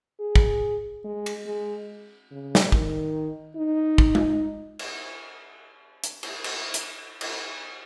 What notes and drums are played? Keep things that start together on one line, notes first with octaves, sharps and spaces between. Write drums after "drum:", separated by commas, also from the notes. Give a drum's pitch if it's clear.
G#4
drum: kick
G#3
drum: cymbal
G#3
C#3
drum: snare
D#3, drum: kick
D#4
drum: kick
drum: tom G#3
drum: cymbal
drum: hi-hat
drum: cymbal
drum: cymbal
drum: hi-hat
drum: cymbal